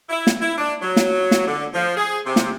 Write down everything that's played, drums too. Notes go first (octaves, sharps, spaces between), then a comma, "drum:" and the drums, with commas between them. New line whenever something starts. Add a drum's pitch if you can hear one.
E4
drum: snare
E4
D4
F#3
drum: snare
drum: snare
D3
F3
G#4
C3
drum: snare